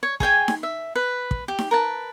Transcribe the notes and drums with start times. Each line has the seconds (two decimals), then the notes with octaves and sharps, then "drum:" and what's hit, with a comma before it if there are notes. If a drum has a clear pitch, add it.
0.03 C#5
0.20 G#4 C#5 G5 G#5, drum: kick
0.48 drum: snare D#4
0.63 E5
0.95 B4
1.31 drum: kick
1.48 G4
1.58 drum: snare D#4
1.71 A#4 B4 A5